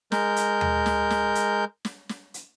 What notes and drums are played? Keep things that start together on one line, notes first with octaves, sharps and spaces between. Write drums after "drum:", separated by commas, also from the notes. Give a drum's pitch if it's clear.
G#3 A#4 G6, drum: snare
drum: hi-hat
drum: tom D#2
drum: snare
drum: snare
drum: hi-hat
drum: snare
drum: snare
drum: hi-hat